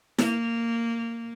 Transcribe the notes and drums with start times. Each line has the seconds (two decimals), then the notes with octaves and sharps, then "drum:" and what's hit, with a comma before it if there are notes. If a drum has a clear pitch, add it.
0.18 A#3, drum: snare E4